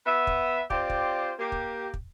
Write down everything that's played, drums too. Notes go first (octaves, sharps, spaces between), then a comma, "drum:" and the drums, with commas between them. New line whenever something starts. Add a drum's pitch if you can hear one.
B3 E5
drum: kick
C4 F4 G4 C5 D5, drum: kick
drum: kick
A#3 G4
drum: kick
drum: kick